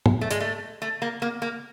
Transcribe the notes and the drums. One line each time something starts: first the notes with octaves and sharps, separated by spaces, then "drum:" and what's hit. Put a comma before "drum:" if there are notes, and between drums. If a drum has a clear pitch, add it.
drum: tom
A3
G#3, drum: hi-hat
A3
A3
A#3
A#3
A#3